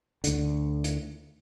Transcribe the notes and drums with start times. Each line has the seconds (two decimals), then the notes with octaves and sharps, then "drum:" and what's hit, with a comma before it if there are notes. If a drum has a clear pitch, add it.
0.24 D2 D3, drum: hi-hat
0.84 drum: hi-hat